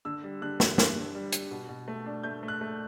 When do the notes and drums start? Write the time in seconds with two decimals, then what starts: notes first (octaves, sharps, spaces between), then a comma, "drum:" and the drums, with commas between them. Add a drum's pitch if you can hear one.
0.05 D3 E6
0.24 G3
0.42 D3 F#6
0.60 D3, drum: snare
0.78 D3, drum: snare
0.96 D3
1.15 G3
1.32 G3, drum: hi-hat
1.51 B2
1.69 B2
1.88 A3
2.06 D4
2.23 A3 G6
2.43 A3
2.48 F#6
2.61 A3